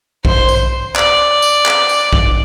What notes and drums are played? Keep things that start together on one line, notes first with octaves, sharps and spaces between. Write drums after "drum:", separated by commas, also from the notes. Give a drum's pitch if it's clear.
C5, drum: kick A#1
drum: tambourine
D5, drum: clap
drum: tambourine
drum: clap
drum: tambourine
drum: kick A#1